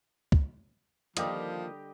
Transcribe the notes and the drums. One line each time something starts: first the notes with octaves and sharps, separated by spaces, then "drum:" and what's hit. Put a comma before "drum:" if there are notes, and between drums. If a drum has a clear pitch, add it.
drum: kick
D3 D#3 F3 G3 A#3 F4 G4 D#5, drum: hi-hat